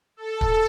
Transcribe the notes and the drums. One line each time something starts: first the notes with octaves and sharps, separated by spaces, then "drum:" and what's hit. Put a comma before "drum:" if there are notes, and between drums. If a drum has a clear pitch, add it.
A4
drum: kick